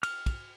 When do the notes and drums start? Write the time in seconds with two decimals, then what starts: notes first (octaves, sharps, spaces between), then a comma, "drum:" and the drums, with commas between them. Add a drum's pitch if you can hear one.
0.03 F6, drum: cymbal
0.26 drum: kick, cymbal